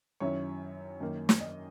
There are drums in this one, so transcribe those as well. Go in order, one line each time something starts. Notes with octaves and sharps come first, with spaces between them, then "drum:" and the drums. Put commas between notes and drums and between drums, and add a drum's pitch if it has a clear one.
F#2 D#3 F#3 C#4 E4 C#5
F#2 D#3 A#3
drum: snare
D#5